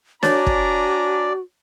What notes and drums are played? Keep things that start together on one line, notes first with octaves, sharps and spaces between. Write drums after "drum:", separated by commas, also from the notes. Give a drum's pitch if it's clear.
D4 F#4 C#5 D5 G#5 A#5 A6, drum: snare
drum: kick